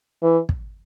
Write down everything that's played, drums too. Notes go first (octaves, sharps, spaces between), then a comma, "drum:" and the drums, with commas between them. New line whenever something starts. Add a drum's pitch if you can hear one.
E3
drum: kick